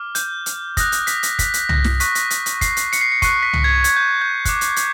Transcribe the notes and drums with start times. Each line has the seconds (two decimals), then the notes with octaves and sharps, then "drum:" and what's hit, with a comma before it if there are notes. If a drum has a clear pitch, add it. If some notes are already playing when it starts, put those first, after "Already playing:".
Already playing: D6 F6
0.15 G6, drum: hi-hat
0.46 drum: hi-hat
0.77 D#6 F#6 A#6, drum: kick, hi-hat
0.92 drum: hi-hat
1.07 B6, drum: hi-hat
1.23 drum: hi-hat
1.39 B6, drum: kick, hi-hat
1.54 drum: hi-hat
1.69 A#6, drum: tom
1.84 drum: snare
2.00 C#6 F#6 B6, drum: hi-hat
2.15 drum: hi-hat
2.30 drum: hi-hat
2.46 drum: hi-hat
2.61 C7, drum: kick, hi-hat
2.77 drum: hi-hat
2.93 C#7, drum: hi-hat
3.01 C7
3.12 C#7
3.22 C#6 F#6 C7, drum: kick, hi-hat
3.43 B6
3.53 drum: tom
3.64 G#6
3.84 G#6, drum: hi-hat
3.96 G6
4.21 G6
4.45 D6 F#6, drum: kick, hi-hat
4.61 drum: hi-hat
4.76 drum: hi-hat